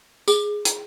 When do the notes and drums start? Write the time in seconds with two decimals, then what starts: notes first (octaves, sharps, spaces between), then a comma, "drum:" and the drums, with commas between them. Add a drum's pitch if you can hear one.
0.28 G#4, drum: tambourine
0.65 drum: hi-hat